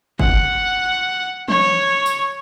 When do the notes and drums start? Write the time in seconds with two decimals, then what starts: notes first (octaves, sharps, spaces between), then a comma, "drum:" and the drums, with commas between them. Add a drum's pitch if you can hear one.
0.19 F#5, drum: kick
1.48 C#5, drum: tom E3
2.06 drum: tambourine